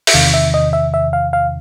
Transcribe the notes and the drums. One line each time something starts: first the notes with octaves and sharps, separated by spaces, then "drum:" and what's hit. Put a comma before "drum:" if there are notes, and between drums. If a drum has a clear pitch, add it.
E5, drum: open hi-hat
E2 C3 D#3 F5
E5
D#5
E5
E5
F5
F5